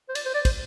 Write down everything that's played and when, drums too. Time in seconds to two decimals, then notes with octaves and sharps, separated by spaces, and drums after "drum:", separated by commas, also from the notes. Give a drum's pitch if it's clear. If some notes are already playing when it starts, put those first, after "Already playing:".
0.09 C5
0.15 D5, drum: cymbal
0.26 C5
0.35 D5
0.45 C5, drum: kick, cymbal